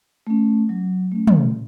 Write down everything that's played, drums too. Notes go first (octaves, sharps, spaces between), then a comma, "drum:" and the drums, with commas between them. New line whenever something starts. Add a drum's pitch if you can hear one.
A3 C#4
F#3
A3 C#4
drum: tom